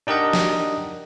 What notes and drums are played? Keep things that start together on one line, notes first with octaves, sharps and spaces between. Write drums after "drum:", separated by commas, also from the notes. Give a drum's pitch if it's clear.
D4 D#4 G4 A#4 D#5 F#5
drum: snare